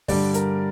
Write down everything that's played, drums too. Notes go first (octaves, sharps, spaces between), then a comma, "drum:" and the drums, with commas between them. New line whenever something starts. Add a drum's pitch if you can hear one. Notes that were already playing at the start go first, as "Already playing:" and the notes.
G2 D3 G3 D5, drum: kick, open hi-hat
A#4, drum: hi-hat